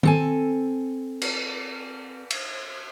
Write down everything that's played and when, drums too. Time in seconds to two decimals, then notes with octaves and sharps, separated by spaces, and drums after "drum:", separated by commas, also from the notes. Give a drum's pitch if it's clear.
0.03 C4 A4 G#5, drum: tom D#3
1.22 drum: cymbal
2.31 drum: cymbal